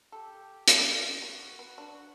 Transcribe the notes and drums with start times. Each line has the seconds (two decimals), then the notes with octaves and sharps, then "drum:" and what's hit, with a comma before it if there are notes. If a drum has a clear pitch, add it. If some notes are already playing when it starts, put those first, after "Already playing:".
0.12 G4 A4
0.68 A4, drum: hi-hat
1.22 B3 F#4
1.59 B3
1.78 D4